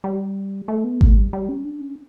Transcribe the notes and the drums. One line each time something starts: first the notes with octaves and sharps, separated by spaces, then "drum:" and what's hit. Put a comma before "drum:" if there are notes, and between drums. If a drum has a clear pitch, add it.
G3
A3
B3
A3, drum: kick G#1
G3
G3
C#4
D4
C#4